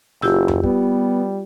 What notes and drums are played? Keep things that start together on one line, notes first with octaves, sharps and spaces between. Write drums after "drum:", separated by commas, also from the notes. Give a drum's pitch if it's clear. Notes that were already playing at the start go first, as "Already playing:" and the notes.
F#1 F4 G4 E6, drum: snare
drum: tom F2
G3 B3, drum: kick